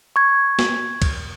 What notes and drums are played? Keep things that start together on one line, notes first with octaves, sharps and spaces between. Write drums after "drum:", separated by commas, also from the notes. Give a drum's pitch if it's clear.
C#6 G#6
drum: snare
drum: kick, cymbal